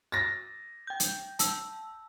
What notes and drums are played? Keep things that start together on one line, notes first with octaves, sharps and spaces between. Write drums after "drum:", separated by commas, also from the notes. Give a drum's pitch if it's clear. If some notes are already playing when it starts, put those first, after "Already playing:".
A6 A#6
G5 G6
drum: hi-hat
A5 E6, drum: hi-hat